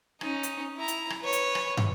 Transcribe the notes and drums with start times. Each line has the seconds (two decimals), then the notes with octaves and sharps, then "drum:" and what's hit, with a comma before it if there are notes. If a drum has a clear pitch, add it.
0.21 C#4 D#4, drum: rim click
0.43 drum: hi-hat
0.77 E4 A#5
0.88 drum: hi-hat
1.10 drum: rim click
1.21 B4 C#5
1.33 drum: hi-hat
1.55 drum: rim click
1.77 drum: tom